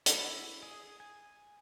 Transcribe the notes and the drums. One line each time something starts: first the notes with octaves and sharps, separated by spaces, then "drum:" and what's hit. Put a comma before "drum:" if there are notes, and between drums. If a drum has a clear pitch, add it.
E4, drum: hi-hat
G#4
G#5